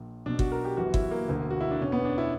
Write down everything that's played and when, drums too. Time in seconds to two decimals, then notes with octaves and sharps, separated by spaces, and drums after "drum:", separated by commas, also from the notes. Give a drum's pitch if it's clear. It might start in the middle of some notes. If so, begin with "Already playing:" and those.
Already playing: A#1 A#2
0.26 B1 B2 D4
0.39 F#4, drum: kick G1
0.52 A#4
0.65 G4
0.77 G1 F#2 E3 F#4
0.94 E4, drum: kick G1
1.11 A#3
1.28 E1 D2 D3
1.50 F#4
1.61 E4
1.71 D4
1.79 E1 E2 D3 C#4
1.92 B3
2.05 D4
2.18 E4